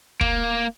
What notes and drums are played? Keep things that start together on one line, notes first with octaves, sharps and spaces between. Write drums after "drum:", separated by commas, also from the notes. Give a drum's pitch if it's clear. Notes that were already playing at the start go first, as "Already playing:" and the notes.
A#3, drum: kick